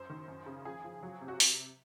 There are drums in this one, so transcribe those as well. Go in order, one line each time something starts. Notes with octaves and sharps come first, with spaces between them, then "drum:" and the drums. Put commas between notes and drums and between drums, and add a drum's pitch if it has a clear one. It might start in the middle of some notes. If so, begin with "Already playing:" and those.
Already playing: F#2 C5
D#3
F#2
C#3
F3 G#4
F3
F#3
C3
F#4
drum: open hi-hat